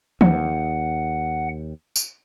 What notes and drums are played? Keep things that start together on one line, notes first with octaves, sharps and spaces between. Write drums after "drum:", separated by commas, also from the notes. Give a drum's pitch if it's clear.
D#2 F#5, drum: tom E3
drum: tambourine